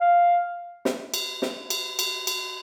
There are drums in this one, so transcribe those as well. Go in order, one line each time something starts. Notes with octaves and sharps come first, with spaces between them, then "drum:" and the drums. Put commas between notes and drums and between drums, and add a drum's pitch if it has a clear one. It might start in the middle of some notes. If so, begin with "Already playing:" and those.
F5
drum: snare
drum: cymbal
drum: snare
drum: cymbal
drum: cymbal
drum: cymbal